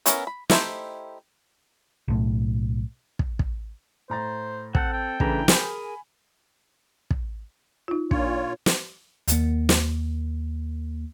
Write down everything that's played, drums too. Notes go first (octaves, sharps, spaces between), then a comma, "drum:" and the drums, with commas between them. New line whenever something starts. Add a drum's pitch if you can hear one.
B3 C#4 E4 A#4, drum: hi-hat
B5
A3 D#4 E4 G4 C5, drum: snare
B1 A2
drum: kick
drum: kick
A2 C5 A#5 A6
C4 A4 F#5 G6, drum: kick
G5
C#3 E3 A3 D4 E4 A#5, drum: kick
G#4 A#4 G#5 B5, drum: snare
drum: kick
D#4 F4
A#2 D4 F4 C#5, drum: kick
drum: snare
D#2 A#3, drum: hi-hat
drum: snare